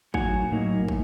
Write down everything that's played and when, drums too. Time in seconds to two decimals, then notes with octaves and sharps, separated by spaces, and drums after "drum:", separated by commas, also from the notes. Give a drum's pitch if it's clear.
0.14 A2 F#3 A#3 D#4 F#5 G#5, drum: kick
0.51 A2 F#3 A#3 D#4
0.88 A2, drum: kick